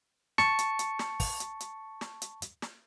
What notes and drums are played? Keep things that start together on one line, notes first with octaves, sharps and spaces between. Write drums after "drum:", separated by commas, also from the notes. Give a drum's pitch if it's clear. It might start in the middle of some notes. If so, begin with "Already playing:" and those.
A5 C#6 C#7, drum: snare
drum: hi-hat
drum: hi-hat
drum: snare
drum: kick, open hi-hat
drum: hi-hat
drum: hi-hat
drum: snare
drum: hi-hat
drum: hi-hat
drum: snare